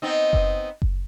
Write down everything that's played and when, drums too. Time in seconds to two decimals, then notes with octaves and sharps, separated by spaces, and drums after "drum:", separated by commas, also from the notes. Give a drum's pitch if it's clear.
0.02 B3 C4 D#4
0.33 drum: kick F#1
0.82 drum: kick F#1